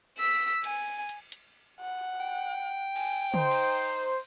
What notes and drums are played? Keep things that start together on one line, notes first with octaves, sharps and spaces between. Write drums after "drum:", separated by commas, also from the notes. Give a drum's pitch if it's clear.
E6 B6
G#5, drum: cymbal
drum: hi-hat
drum: hi-hat
F#5
G5
G#5, drum: cymbal
D#4 C5, drum: tom
drum: cymbal